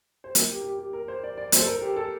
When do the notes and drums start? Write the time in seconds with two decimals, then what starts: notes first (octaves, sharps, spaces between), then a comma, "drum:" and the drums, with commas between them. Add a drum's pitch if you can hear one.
0.24 C5
0.35 A#4, drum: hi-hat
0.50 G4
0.64 G4
0.79 G4
0.93 A#4
1.08 C5
1.23 D5
1.37 D5
1.52 C5, drum: hi-hat
1.61 A4
1.67 A#4
1.81 G4
1.96 A4